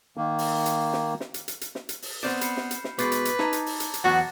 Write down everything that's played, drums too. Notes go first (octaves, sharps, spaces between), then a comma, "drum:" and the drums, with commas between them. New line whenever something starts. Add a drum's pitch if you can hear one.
D#3 A#3
drum: open hi-hat
drum: hi-hat
drum: snare
drum: snare
drum: hi-hat
drum: hi-hat
drum: hi-hat
drum: snare
drum: hi-hat
drum: open hi-hat
B3 C4 D5 F6 G6 E7
B5 C7 C#7, drum: hi-hat
drum: snare
drum: hi-hat
drum: snare
B2 G#3 B4 D6 G6 A6, drum: hi-hat
drum: hi-hat
drum: hi-hat
D#4 A5 A#5 G#6, drum: snare
drum: hi-hat
drum: open hi-hat
drum: hi-hat
drum: hi-hat
E2 B2 F#3 F#4 F#5 F#6 A6